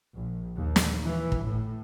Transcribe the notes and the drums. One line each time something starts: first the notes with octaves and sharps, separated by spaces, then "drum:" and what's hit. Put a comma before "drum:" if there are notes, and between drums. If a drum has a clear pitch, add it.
A#1
D#2
drum: snare
E3
drum: kick
A2